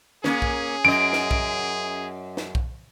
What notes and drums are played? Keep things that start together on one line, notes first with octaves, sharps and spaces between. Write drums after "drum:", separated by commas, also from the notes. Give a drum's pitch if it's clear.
A#3 C#4 G#4, drum: snare
drum: kick B1
F#2 D#5 D7
drum: snare
drum: kick B1
drum: snare
drum: kick B1